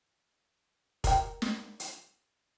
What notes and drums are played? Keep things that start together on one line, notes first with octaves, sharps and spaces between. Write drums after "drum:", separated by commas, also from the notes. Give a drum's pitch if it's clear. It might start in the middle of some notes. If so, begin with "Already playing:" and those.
A#4 G5, drum: kick E1, hi-hat
drum: snare
drum: hi-hat